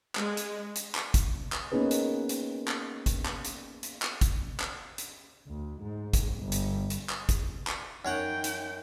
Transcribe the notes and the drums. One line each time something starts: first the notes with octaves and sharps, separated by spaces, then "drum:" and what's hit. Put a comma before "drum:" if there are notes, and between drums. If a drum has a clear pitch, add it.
G#3, drum: clap
drum: hi-hat
drum: hi-hat
drum: clap
drum: kick, hi-hat
drum: clap
A#3 B3 C#4 D#4 G#4 B4
drum: hi-hat
drum: hi-hat
drum: clap
drum: kick, hi-hat
drum: clap
drum: hi-hat
drum: hi-hat
drum: clap
drum: kick, hi-hat
drum: clap
drum: hi-hat
D2
G#2
drum: kick, hi-hat
G1
drum: hi-hat
drum: hi-hat
drum: clap
drum: kick, hi-hat
drum: clap
F#2 D#4 C#5 F#5 G5
drum: hi-hat